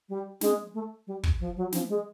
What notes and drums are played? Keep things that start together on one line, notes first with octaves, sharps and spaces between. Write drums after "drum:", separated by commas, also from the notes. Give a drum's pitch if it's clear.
G3
G#3, drum: snare
A3
G3
drum: kick
F3
F#3
F3, drum: snare
G#3